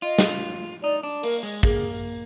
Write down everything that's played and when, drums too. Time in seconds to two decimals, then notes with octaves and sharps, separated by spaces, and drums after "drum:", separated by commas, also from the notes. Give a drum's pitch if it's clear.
0.02 F4 D#5
0.19 drum: snare
0.83 D#4 D5
1.03 D4
1.23 A#3 A#4, drum: open hi-hat
1.43 G#3
1.63 A#3 G#4, drum: kick